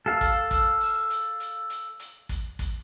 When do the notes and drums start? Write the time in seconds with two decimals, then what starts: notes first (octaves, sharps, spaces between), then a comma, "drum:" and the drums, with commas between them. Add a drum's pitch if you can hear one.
0.06 A4 F5
0.21 drum: kick, hi-hat
0.51 drum: kick, hi-hat
0.81 drum: open hi-hat
1.10 drum: hi-hat
1.40 drum: hi-hat
1.70 drum: hi-hat
2.00 drum: hi-hat
2.29 drum: kick, hi-hat
2.59 drum: kick, hi-hat